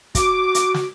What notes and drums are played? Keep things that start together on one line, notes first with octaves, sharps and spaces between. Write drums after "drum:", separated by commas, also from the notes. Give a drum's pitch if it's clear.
F#4 D6, drum: kick, hi-hat
drum: hi-hat
drum: snare